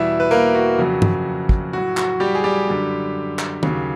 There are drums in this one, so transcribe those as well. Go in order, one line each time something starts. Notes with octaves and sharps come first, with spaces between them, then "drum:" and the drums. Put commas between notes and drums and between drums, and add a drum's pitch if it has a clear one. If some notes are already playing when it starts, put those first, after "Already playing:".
Already playing: E2 B2 G3 E4 E5
B4
A#3 A#4
F#4
F2 C#3 F#3
drum: tom
drum: kick
A2 F#3 F#4
F#4, drum: clap
G3 G4
G#4
G3 G4
F#2 D3 G3
drum: clap
D#2 C#3 F#3, drum: tom